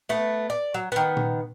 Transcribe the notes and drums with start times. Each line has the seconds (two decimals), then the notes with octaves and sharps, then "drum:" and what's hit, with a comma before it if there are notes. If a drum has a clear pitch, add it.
0.09 A3 B3
0.50 D5
0.74 F#3
0.92 D#3 B3
1.17 drum: tom A#2